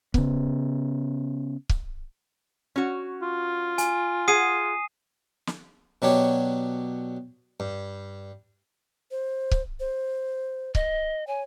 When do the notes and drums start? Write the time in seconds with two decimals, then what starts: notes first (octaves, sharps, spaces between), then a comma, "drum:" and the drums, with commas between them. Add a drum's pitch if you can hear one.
0.14 C#3 B3, drum: kick C#1
1.69 drum: kick C#1
2.76 C#4 F#4
3.22 F4
3.78 G#5, drum: hi-hat
4.28 G#4 F#5 D#6 C7 D#7
5.47 drum: snare
6.02 B2 F#3 D4 G4 C#5
7.60 G2
9.11 C5
9.51 drum: kick C#1
9.80 C5
10.75 D#5, drum: kick C#1
11.27 C#5 G#5